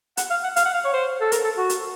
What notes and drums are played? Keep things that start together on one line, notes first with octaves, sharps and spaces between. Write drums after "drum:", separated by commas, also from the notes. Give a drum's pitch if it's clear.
F#5, drum: hi-hat
F5
F#5
F5, drum: hi-hat
F#5
F5
C#5
C5
A4
A#4, drum: hi-hat
A4
F#4
drum: hi-hat